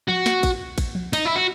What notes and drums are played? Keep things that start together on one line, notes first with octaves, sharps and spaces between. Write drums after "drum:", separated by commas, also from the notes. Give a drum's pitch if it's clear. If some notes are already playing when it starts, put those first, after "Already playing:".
F#4, drum: tom F3
drum: snare
drum: kick, cymbal
drum: kick, cymbal
drum: tom F3
D#4, drum: cymbal
E4
F#4